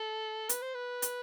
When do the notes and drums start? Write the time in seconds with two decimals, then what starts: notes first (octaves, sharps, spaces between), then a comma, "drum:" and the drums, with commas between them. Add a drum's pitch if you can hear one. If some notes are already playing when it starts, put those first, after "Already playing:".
Already playing: A4
0.49 B4, drum: hi-hat
0.62 C5
0.74 B4
1.02 drum: hi-hat